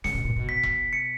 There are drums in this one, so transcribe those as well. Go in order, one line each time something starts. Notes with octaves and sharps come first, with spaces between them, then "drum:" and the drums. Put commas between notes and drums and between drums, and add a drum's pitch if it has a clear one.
C#3 C#7, drum: snare
B2
A#2
B2
B6
drum: kick E1
C#7